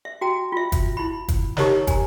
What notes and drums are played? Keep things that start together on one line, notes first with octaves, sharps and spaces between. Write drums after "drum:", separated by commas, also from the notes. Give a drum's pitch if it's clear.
E5
F#4 G5 A#5
F4 E5
drum: kick, hi-hat
E4 B5
drum: kick, hi-hat
D#4 G4 A#4 C#5 D#5 A#5, drum: snare
G#5 A#5, drum: kick, hi-hat